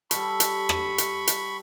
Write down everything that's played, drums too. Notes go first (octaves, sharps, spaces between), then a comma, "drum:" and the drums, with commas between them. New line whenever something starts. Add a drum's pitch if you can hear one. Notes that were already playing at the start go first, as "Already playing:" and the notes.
G3 A4 B5 C#6, drum: hi-hat
drum: hi-hat
drum: rim click
drum: hi-hat
drum: hi-hat